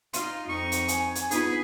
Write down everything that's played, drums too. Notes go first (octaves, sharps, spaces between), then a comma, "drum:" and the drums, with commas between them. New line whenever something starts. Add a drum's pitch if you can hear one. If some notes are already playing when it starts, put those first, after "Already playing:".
D#4 F4 C6, drum: hi-hat
F2 D#4 C#6
drum: hi-hat
G#5, drum: hi-hat
drum: hi-hat
B3 D4 D#4 F4 G#4 B4, drum: hi-hat